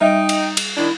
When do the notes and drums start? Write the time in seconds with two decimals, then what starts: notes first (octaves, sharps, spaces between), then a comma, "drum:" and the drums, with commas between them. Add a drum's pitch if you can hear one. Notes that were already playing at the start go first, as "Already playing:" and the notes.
0.01 G3 D#4 D#5 E5 G5
0.29 drum: cymbal
0.57 drum: cymbal
0.77 D#3 D4 E4